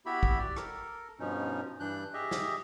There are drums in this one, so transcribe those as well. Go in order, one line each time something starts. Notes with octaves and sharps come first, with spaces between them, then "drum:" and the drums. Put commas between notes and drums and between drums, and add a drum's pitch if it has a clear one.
B3 E4 F#4 G4 E5 B5
drum: kick
G4 D5
A4 A#4, drum: rim click
G2 B2 F3 C#4 D#4
G2 E3 D4 F#6 G6
G4 G#4 D#5 E5
drum: snare